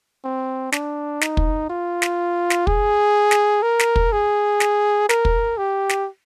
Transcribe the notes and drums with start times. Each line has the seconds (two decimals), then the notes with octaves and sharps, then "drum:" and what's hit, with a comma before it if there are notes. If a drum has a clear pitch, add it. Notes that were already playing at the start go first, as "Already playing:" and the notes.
0.24 C4
0.72 D4, drum: snare
1.21 D#4, drum: snare
1.37 drum: kick
1.70 F4
2.02 drum: snare
2.50 drum: snare
2.67 G#4, drum: kick
3.31 drum: snare
3.63 A#4
3.79 drum: snare
3.96 drum: kick
4.12 G#4
4.60 drum: snare
5.09 A#4, drum: snare
5.25 drum: kick
5.58 G4
5.89 drum: snare